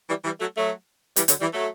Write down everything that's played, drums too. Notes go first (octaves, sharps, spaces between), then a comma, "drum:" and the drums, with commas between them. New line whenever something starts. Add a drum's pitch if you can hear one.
E3 G3
E3 G3
F#3 A3
F#3 A3
E3 G3, drum: hi-hat
D3 F#3, drum: hi-hat
E3 G3
F#3 A3